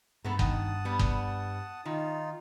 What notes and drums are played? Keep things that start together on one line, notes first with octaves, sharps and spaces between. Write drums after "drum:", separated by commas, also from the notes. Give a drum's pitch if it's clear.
G2 A3 B3 A4 A#5
D#3 F#5 A5 D#6, drum: kick F#1
G3 B3
drum: kick F#1
D#3 D#4 F4